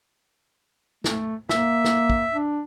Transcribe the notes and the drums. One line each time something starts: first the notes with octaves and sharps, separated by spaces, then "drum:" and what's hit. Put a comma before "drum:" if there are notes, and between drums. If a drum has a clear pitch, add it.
A3, drum: snare
A#3 E5, drum: snare
drum: snare
drum: kick
D4